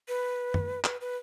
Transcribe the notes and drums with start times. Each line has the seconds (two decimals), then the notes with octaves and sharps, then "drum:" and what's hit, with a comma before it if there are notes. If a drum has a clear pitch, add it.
0.08 B4
0.54 drum: tom F#2
0.84 B4, drum: clap
1.01 B4